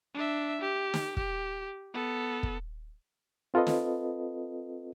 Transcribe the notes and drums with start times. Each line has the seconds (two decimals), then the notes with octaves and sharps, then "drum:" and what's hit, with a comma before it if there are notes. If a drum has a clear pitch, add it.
0.14 D4 E5
0.62 G4
0.94 drum: snare
1.17 G4, drum: kick
1.94 B3 A4
2.43 drum: kick
3.54 C4 F4 A4 B4 D#5
3.67 drum: snare